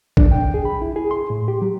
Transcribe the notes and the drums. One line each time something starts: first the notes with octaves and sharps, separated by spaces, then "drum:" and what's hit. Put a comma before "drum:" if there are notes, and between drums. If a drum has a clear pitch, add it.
D4, drum: kick A1
G5
G#4
B5
E4
G#4
C6
A2
G4
F#3